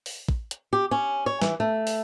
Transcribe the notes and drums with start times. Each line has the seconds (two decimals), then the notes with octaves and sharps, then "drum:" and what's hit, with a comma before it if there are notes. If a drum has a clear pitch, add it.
0.06 drum: open hi-hat
0.29 drum: kick
0.51 drum: hi-hat
0.73 G4
0.91 C#4
1.26 C#5
1.42 E3, drum: snare
1.60 A3
1.87 drum: open hi-hat